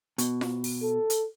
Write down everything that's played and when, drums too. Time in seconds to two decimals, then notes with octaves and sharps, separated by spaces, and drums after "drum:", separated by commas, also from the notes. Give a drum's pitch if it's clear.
0.18 B2, drum: hi-hat
0.41 drum: snare F4
0.64 drum: open hi-hat
0.83 A4
1.10 drum: hi-hat